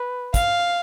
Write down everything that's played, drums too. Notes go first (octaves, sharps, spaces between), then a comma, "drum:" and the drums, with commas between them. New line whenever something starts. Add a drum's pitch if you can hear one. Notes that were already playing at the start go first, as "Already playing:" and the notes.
Already playing: B4
F5, drum: kick, hi-hat